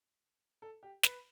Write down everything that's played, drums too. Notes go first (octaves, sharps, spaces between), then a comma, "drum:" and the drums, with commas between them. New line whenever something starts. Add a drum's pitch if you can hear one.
A4
G4
B4, drum: snare